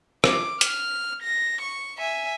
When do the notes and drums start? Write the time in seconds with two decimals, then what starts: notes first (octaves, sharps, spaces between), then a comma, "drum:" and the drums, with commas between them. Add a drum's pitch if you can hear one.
0.24 D6, drum: rim click
0.61 F6, drum: hi-hat
1.23 A#6
1.61 C#6
1.98 E5 G#5